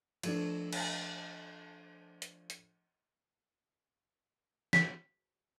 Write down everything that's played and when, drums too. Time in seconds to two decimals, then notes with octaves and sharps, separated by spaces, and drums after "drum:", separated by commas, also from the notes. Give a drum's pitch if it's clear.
0.23 F3 A3 D4, drum: cymbal
0.73 drum: cymbal
2.22 drum: hi-hat
2.50 drum: hi-hat
4.73 B6, drum: snare